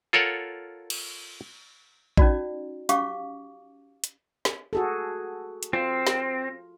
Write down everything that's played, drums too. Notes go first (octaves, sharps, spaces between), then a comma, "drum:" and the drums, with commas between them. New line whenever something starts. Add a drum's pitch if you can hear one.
F4 A4 A#4 C#5 F#5
drum: cymbal
C#4 D#4 F#4 D5, drum: kick A1
C#4 G4 F5 C#6 D6, drum: hi-hat
drum: hi-hat
drum: snare
F#4 G#4 A4
drum: hi-hat
C4 F4
drum: snare